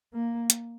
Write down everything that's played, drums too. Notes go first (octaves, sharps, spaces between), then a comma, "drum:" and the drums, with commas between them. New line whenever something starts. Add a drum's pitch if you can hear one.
A#3
drum: hi-hat